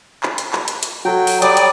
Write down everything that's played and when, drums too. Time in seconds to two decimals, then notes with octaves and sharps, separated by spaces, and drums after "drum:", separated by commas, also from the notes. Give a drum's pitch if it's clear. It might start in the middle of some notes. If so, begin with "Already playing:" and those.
0.23 drum: clap
0.38 drum: hi-hat
0.53 drum: clap
0.68 drum: hi-hat
0.83 drum: hi-hat
1.05 F#3 F#4 A4 G5
1.27 drum: open hi-hat
1.42 G3 C#5 D5 G5 D6 D#6, drum: hi-hat
1.57 drum: hi-hat